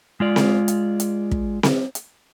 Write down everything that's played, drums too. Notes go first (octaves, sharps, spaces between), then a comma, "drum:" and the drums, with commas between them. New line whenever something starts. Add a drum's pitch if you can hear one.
G#3 F4 D5
drum: snare C4
drum: hi-hat
drum: hi-hat
drum: kick
drum: snare C4
drum: hi-hat